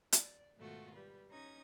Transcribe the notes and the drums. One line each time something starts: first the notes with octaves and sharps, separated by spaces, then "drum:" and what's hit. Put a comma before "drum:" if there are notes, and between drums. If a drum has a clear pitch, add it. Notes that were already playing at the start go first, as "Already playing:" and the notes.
D5, drum: hi-hat
G#2 B2 D#3 A3 F4 F#4
G3 B4
C#4 D#4 A#5 D#6 G#6